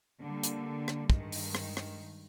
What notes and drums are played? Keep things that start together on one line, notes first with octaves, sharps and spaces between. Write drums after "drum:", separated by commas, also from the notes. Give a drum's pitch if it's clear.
D3 G3 A#3
drum: hi-hat
drum: rim click
G2 D#3 G#3, drum: kick
drum: open hi-hat
drum: rim click
drum: rim click